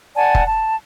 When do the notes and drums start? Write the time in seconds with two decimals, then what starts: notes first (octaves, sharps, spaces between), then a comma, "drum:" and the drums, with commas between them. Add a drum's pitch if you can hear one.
0.15 D5 F#5 G#5 A5
0.35 drum: kick
0.46 A5